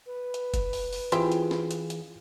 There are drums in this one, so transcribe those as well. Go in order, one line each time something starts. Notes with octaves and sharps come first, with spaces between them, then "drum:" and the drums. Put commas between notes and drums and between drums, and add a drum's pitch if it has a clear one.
B4
drum: hi-hat
drum: kick F1, hi-hat
drum: open hi-hat
drum: open hi-hat
E3 C4 E4 F4 G4 G#4, drum: hi-hat
drum: hi-hat
drum: snare
drum: hi-hat
drum: hi-hat